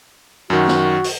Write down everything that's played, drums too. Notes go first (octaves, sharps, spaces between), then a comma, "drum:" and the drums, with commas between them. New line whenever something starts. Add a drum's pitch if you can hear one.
F#2 D#3 F#4
drum: snare
drum: open hi-hat